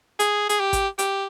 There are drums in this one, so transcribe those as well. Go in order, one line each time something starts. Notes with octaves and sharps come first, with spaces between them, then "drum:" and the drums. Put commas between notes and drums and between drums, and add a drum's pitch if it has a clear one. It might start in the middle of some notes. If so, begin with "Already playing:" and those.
G#4, drum: hi-hat
G#4, drum: hi-hat
G4
drum: kick G#1, hi-hat
G4, drum: hi-hat